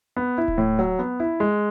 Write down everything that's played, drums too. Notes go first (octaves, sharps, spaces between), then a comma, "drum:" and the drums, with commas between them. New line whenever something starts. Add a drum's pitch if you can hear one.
B3
E4
drum: kick D1
A2
F#3
B3
E4
G#3